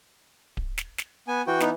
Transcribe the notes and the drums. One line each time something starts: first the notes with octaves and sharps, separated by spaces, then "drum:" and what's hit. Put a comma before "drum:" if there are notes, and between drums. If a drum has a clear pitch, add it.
drum: kick D1
drum: snare
drum: snare
B3 G#5
E3 F#4 G5
B3 D#4, drum: snare